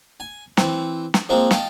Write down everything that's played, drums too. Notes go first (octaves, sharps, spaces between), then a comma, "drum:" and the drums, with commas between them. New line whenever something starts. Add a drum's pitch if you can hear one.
G#5
E3 C4, drum: snare
drum: snare
F3 G#3 A#3 C4
D#5 F5 G5 A5, drum: snare